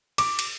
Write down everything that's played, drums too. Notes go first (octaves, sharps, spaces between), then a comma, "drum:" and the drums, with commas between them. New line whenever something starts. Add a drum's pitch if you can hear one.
D6, drum: cymbal
drum: cymbal